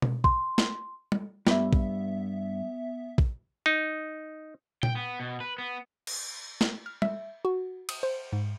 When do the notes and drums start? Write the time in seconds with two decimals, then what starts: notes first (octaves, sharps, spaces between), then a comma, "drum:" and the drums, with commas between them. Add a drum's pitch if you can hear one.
0.02 drum: tom B2
0.24 C6, drum: kick A#1
0.58 drum: snare
1.12 drum: tom
1.47 G2 B3 E5, drum: snare
1.73 drum: kick A#1
3.18 drum: kick A#1
3.66 D#4
4.83 G5, drum: tom A#2
4.95 B3
5.20 B2
5.40 B4
5.58 B3
6.07 drum: cymbal
6.61 drum: snare
6.86 F6
7.02 E5, drum: tom
7.45 F#4
7.89 D#6, drum: cymbal
8.03 C5
8.33 G#2